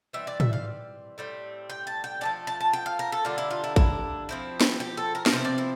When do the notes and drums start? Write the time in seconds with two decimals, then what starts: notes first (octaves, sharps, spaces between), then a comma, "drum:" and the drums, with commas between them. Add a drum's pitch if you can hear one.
0.13 E3 G3 C4 E5
0.27 D5
0.40 E5, drum: tom
0.53 F5
1.18 A2 G3 C4
1.70 G5
1.87 A5
2.04 G5
2.21 F3 A3 D4 A5
2.47 A5
2.61 A5
2.73 G5
2.86 F5
2.99 A#4
3.12 A4
3.25 D3 G3 A#3 D4 F4
3.38 E4
3.51 F4
3.64 E4
3.76 E4, drum: kick
4.29 F3 C4 E4
4.61 drum: snare
4.80 G4
4.97 A4
5.15 A#4
5.26 A#4, drum: snare
5.32 C3 F3 C4 E4 C5
5.45 D5
5.58 E4